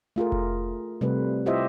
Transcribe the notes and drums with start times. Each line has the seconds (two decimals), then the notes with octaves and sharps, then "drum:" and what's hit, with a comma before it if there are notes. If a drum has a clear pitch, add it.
0.16 A3 F4 G#4 A#4
0.32 drum: kick F1
1.01 C3 G3 A3 B4
1.46 E4 F4 G4 C5 D#5 E5